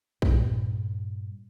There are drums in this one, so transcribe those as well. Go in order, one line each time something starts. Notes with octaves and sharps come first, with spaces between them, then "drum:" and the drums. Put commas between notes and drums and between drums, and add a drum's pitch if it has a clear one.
G2 A#2, drum: kick A#1